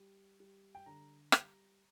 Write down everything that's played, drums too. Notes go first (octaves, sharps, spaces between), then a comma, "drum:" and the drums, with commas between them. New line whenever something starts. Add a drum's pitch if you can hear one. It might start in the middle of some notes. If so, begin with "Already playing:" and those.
Already playing: G3
G3
G5
D3 A#5
G3, drum: rim click